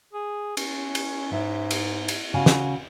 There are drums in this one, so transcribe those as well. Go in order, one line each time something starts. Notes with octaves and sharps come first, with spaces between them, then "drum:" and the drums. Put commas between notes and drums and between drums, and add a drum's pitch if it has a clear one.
G#4
C#4, drum: cymbal
drum: cymbal
G#2 E5
drum: cymbal
drum: cymbal
C#3 F#4 F5 G#5
drum: snare